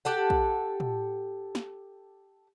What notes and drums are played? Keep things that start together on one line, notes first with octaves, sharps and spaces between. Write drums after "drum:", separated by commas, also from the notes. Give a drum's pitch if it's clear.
G4 A4 F#5
drum: kick
drum: tom
drum: snare